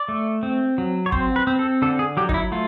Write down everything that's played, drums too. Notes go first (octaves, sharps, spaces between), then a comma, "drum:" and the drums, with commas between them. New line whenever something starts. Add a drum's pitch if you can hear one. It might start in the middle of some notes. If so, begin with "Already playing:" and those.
Already playing: D5
A3
C4
F#3
C#5
C4 C5, drum: kick
B4
C4
A4
D3 A4
G#4
F#3 G4
D#4, drum: kick
E4
A3 F4